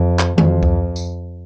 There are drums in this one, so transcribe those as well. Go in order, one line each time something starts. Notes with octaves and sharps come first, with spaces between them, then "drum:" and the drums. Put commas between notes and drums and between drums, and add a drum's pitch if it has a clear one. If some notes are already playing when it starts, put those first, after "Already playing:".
Already playing: F2
drum: clap
F2, drum: tom D#3
drum: kick C#2
drum: tambourine